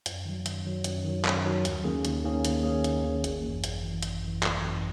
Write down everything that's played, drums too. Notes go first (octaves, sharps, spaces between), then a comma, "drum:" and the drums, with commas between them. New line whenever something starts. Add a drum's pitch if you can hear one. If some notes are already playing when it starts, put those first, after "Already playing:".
F#2, drum: hi-hat
D#3 F#3
F#2, drum: hi-hat
D#3 F#3
F#2, drum: hi-hat
D#3 F#3
F#2, drum: clap
D#3 F#3
D#2, drum: hi-hat
D#3 A#3 C#4 G#4
D#2, drum: hi-hat
D#3 A#3 C#4 G#4
D#2, drum: hi-hat
D#3 A#3 C#4 G#4
D#2, drum: hi-hat
D#3 A#3 C#4 G#4
G#1, drum: hi-hat
F#2 E3
G#1, drum: hi-hat
F#2 E3
G#1, drum: hi-hat
F#2 E3
G#1, drum: clap
F#2 E3